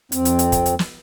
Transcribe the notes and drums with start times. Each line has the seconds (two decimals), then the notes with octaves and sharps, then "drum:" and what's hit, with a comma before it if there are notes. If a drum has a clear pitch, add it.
0.12 F2 C4, drum: hi-hat
0.25 drum: hi-hat
0.39 drum: hi-hat
0.52 drum: kick, hi-hat
0.66 drum: hi-hat
0.79 drum: snare